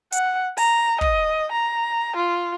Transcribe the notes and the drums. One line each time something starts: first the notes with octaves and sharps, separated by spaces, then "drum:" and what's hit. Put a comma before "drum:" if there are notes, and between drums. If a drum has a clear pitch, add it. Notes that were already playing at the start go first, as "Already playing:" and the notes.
F#5, drum: hi-hat
A#5, drum: open hi-hat
D#5, drum: kick
A#5
F4